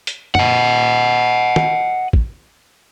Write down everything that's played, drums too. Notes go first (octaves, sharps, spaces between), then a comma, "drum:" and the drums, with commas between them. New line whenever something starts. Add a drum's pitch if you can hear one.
drum: hi-hat
D#5 F#5, drum: tom
drum: tom
drum: kick